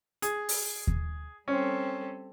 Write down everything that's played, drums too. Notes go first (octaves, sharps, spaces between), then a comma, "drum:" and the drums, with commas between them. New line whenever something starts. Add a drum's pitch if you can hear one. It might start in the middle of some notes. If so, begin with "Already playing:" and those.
G#4, drum: hi-hat
drum: open hi-hat
drum: kick D#2
G3 C4 C#4 A4